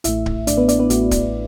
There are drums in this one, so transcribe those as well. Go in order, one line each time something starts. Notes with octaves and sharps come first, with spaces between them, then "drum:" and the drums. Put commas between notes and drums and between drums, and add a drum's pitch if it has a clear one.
A1 A2 A3 E4 E5, drum: hi-hat
drum: kick D1
A1 A2 A3 D4 D5, drum: hi-hat
B3 B4
D4 D5, drum: hi-hat
B3 B4
A1 A2 A3 F#4, drum: hi-hat
drum: kick D1, hi-hat